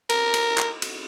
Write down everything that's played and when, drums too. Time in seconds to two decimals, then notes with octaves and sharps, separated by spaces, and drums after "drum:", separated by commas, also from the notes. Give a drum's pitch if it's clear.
0.09 A#4, drum: cymbal
0.34 drum: cymbal
0.58 drum: clap
0.82 drum: cymbal